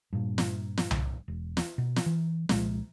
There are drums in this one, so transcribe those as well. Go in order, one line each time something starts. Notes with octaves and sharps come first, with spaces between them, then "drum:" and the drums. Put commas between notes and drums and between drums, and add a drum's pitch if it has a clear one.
G2 A#2
drum: snare
drum: snare
drum: tom C2
E1
drum: snare
B2
drum: snare
E3
C2 A#2 F3 G#3, drum: snare